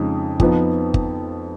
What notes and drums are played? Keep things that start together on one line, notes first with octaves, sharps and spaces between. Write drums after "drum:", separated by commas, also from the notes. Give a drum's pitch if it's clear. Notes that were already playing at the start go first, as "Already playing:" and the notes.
Already playing: F2 C#3 G#3 D#4
F2 F3 B3 D#4, drum: kick G1
drum: kick G1